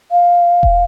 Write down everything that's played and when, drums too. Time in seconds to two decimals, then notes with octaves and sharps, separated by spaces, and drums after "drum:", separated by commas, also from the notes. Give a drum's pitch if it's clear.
0.11 F5
0.63 drum: kick E1